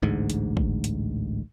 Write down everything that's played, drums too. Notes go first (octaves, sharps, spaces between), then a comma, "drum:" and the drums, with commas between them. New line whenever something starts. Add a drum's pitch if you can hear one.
A1 D2 G#2
drum: hi-hat
drum: kick
drum: hi-hat